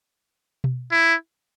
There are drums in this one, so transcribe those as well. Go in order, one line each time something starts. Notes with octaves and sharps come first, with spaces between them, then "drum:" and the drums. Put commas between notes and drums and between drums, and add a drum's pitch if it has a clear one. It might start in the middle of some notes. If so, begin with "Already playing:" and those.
drum: tom B2
E4